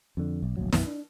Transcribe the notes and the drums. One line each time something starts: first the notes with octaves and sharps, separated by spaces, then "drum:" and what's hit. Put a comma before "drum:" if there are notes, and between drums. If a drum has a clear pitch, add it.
F2 D3
B1
D1 A#1 F#3
B1 F#2 B3, drum: snare
D4